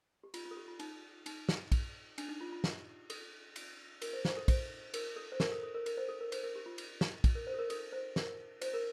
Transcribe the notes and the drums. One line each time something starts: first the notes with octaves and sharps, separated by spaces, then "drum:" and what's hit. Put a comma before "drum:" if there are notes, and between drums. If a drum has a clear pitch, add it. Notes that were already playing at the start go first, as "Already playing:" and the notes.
G4
F4, drum: cymbal
F4
A4
G4
F4
D#4, drum: cymbal
D#4, drum: cymbal
drum: snare
drum: kick, cymbal
D4, drum: cymbal
D#4
F4
F4
G4, drum: snare
A4, drum: cymbal
drum: cymbal
A#4, drum: cymbal
C5
C5, drum: snare
A4
C5, drum: kick, cymbal
A#4, drum: cymbal
A4
C5
A#4, drum: snare
A4
A4
A#4
A#4, drum: cymbal
C5
A4
A#4
C5, drum: cymbal
A#4
G4
F4
drum: cymbal
drum: snare
drum: kick, cymbal
A#4
C5
A4
A#4
A4, drum: cymbal
C5
A#4, drum: snare
C5, drum: cymbal
A#4